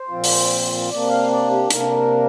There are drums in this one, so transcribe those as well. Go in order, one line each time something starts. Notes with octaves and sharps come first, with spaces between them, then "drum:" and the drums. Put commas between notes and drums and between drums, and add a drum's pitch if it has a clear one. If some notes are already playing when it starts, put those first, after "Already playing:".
Already playing: C5
A#2 F3 C4 F4
drum: open hi-hat
C3 A#3 D4 D5
F5
D5
G4
C3 A#3 D4 A#4, drum: hi-hat